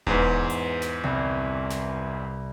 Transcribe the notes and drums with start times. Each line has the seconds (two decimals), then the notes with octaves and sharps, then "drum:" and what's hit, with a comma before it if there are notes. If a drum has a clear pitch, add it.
0.07 E2 G#2 E3, drum: kick D#1
0.50 drum: hi-hat
0.82 drum: snare
1.04 C2
1.70 drum: snare